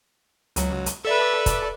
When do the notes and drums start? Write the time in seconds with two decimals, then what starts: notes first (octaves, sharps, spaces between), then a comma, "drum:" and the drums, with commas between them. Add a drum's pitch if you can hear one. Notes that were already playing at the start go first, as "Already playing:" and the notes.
0.56 C#2 F#3, drum: hi-hat
0.86 drum: hi-hat
1.05 A4 B4 D5 E5
1.46 drum: kick, hi-hat